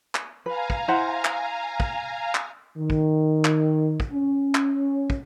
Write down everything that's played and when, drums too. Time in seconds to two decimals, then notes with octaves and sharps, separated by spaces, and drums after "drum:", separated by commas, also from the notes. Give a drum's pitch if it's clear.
0.15 drum: clap
0.46 B4 F5 G#5 A#5
0.70 drum: kick
0.88 E4 C5 F#5
1.25 drum: clap
1.80 drum: kick
2.35 drum: clap
2.77 D#3
2.90 drum: kick
3.45 drum: clap
4.00 drum: kick
4.11 C#4
4.55 drum: clap
5.10 drum: kick